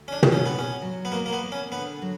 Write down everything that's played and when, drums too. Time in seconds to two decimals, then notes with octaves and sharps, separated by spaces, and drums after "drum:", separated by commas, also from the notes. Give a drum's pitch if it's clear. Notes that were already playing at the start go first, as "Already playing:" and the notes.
Already playing: D2
0.08 C#4
0.12 D4
0.23 C#3, drum: tom
0.32 C#4
0.46 B3
0.53 B2
0.59 C#4
0.82 F#3
1.05 B3
1.12 B2 A#3
1.26 A#3
1.33 B3
1.43 A#3
1.52 C#4
1.72 D3 B3
2.02 F#3